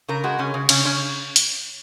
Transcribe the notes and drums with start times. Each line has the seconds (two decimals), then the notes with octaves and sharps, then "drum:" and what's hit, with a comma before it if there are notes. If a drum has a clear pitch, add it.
0.08 C#3 A#4
0.24 G#3 F#4
0.38 C#3 C#4
0.54 C#3
0.69 C#3 C#4, drum: cymbal
0.85 C#3 C#4
1.36 drum: hi-hat